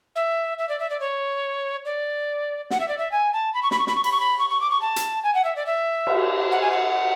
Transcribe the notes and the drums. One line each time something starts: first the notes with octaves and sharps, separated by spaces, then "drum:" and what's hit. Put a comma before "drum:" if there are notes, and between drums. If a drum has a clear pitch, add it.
E5
E5
D5
E5
D5
C#5
D5
F#5, drum: snare
E5
D5
E5
G#5
A5
B5
C#6
B5, drum: snare
C#6
B5, drum: snare
C#6
B5, drum: cymbal
C#6
B5
C#6
C#6
D6
C#6
A5
drum: hi-hat
G#5
F#5
E5
D5
E5
drum: cymbal
F#5
G#5
F#5